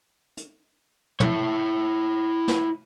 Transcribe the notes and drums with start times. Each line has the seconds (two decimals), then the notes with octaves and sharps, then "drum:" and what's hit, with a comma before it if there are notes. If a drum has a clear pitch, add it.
0.37 drum: hi-hat
1.20 E4 C#5, drum: tom
2.48 drum: snare